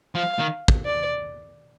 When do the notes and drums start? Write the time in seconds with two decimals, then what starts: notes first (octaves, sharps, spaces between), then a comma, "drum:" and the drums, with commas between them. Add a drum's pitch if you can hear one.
0.15 F3 F5
0.39 D#3
0.68 drum: kick
0.85 D5